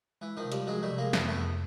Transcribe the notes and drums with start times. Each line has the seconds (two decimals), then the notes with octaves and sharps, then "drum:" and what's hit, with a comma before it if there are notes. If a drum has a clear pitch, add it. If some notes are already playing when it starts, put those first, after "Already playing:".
0.21 E3 G#3
0.37 D#3 F3
0.44 C3
0.52 F3 G3, drum: hi-hat
0.67 F3 F#3 G#3
0.83 G3 A3
0.91 C3
0.98 G#3 A#3
1.13 F2 A3 B3, drum: snare
1.28 A3 B3
1.36 F2